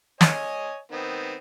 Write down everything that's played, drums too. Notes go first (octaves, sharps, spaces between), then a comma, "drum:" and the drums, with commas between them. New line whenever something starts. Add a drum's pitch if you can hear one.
C#5 D#5 G#5, drum: snare
D#3 B3 C4